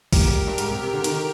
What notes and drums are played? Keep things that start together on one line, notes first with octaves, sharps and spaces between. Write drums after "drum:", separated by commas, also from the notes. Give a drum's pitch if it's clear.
A#2 G4 A#4, drum: kick, open hi-hat
G#2
G2
G#2, drum: hi-hat
C3
C3
D3
D#3, drum: hi-hat